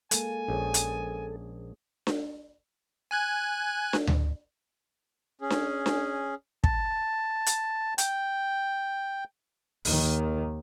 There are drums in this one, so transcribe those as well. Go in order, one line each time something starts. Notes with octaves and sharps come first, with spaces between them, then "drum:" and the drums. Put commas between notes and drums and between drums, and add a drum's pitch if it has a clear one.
G#3 A#3 A4 G#5, drum: hi-hat
A#1 C#4 G#4 C#5
drum: hi-hat
drum: snare D4
G#5 F#6 G#6
drum: snare D4
drum: tom D2
C#4 G#4
drum: snare D4
drum: snare D4
A5, drum: kick
drum: hi-hat
G5, drum: hi-hat
D#2 D#3, drum: open hi-hat